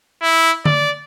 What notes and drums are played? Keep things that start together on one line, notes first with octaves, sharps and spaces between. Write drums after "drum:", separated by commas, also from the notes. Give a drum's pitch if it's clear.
E4
D5, drum: tom D3